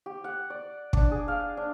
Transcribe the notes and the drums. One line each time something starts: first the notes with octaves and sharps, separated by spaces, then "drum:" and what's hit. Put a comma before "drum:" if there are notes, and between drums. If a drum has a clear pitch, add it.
G4
F#5
D5
D4, drum: kick
G#4
F5
D4